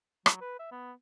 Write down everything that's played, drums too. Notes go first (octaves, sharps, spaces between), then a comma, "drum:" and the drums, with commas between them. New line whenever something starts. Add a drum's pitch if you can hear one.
F#3, drum: rim click
B4
E5
B3